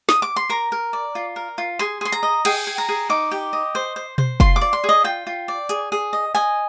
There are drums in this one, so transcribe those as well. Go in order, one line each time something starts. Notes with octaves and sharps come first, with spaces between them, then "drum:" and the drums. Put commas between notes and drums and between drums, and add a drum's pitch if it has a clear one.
D#6, drum: snare
D6
C6
A#4 A#5
A#4
D5
F4
A#4
F4
G#4 C6
G#4 C6
A#5, drum: hi-hat
D#5
G#4 G5, drum: cymbal
G#4
A#5
G#4
D#4 D6
G4
D#5
C5
C5
C5, drum: tom B2
F4 C6, drum: kick
D6
D5
C6
G#4
D#5
F4 G5
F4
D5
G#4, drum: hi-hat
G#4
D#5
D#5 G#5